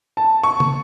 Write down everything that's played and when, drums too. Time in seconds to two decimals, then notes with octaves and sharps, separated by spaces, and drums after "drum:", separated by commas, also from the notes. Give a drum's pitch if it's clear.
0.17 A5
0.43 C#6
0.60 drum: tom